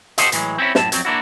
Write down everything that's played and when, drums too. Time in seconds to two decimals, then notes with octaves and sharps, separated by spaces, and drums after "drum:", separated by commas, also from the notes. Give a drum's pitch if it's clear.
0.18 F#4 G4 A4 C5 D#5, drum: hi-hat
0.32 A2 E3 F#3 G#3, drum: hi-hat
0.58 C4 C#4 E4
0.75 F#2 A2 A5, drum: snare
0.92 F2 F#3 C4, drum: hi-hat
1.05 A#3 D4 E4 F#4